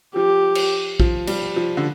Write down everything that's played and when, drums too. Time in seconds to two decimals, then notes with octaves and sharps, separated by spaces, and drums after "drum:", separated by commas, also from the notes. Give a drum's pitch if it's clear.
0.16 F3 G4
0.55 drum: cymbal
1.00 F3, drum: kick
1.27 G3, drum: cymbal
1.56 F3
1.77 D3